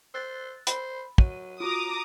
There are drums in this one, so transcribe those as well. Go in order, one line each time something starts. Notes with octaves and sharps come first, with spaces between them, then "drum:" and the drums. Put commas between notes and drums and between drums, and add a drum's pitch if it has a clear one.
C5 E6 F#6 A6
C5 B5, drum: hi-hat
F#3 D#7, drum: kick
F4 F#4 A#5 D6 D#6